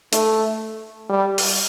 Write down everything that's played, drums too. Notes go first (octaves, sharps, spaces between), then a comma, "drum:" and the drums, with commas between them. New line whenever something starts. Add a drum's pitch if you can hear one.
A3, drum: hi-hat
G3
drum: open hi-hat